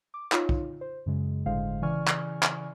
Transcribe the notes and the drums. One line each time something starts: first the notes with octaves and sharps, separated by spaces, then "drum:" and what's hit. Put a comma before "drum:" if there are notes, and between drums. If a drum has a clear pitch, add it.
D6
D#4 F4 C#5, drum: clap
drum: kick B1
C5
F#2 C#3 G#3
G1 A2 D3 G#3 C5 F5
C#3 E3 D5 G#5 C#6 F6
drum: clap
drum: clap